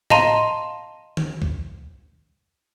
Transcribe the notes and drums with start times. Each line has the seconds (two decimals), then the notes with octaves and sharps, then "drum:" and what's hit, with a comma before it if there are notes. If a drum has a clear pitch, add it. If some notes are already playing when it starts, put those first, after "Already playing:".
0.10 D#5 F5 A5 A#5 C6 D#7, drum: tom A2
1.17 drum: tom D#3
1.42 drum: kick